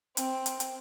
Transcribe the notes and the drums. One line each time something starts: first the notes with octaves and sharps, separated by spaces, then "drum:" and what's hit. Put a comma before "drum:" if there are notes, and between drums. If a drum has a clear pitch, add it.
C4, drum: hi-hat
drum: hi-hat
drum: hi-hat